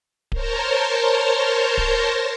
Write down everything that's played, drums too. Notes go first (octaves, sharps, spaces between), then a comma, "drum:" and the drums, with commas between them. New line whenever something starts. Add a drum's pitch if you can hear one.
A#4 C5 C#5 A5 A#5 C6, drum: kick D1
drum: kick D1